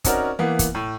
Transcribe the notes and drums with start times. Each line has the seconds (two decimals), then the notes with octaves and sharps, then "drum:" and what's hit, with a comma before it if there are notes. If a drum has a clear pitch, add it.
0.04 C4 C#4 D#4 F#4 A#4 D5, drum: kick, hi-hat
0.39 E3 A#3 B3
0.59 drum: kick, hi-hat
0.75 A2